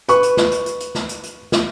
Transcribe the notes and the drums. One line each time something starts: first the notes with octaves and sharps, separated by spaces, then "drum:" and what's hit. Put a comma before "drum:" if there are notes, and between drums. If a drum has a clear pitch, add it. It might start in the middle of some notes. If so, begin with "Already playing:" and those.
B4 C#6, drum: hi-hat
drum: hi-hat
drum: snare
drum: hi-hat
drum: hi-hat
drum: hi-hat
drum: snare
drum: hi-hat
drum: hi-hat
drum: snare